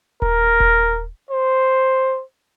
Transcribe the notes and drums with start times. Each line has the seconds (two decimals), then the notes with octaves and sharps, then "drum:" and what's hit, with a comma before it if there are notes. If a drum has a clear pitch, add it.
0.22 A#4, drum: kick D#1
0.60 drum: kick D#1
1.31 C5